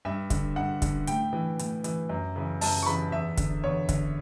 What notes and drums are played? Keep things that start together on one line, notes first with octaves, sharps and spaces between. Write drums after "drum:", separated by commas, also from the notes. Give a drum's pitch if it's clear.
G2 E5
D3, drum: kick, hi-hat
G2 F#5
D3, drum: kick, hi-hat
A2 G5, drum: hi-hat
E3
A2, drum: hi-hat
E3, drum: hi-hat
F#2
C#3 E3
F#2 A5, drum: open hi-hat
C#6
C#3 E3 B5
E2 E5
D3, drum: kick, hi-hat
E2 C#5
D3, drum: kick, hi-hat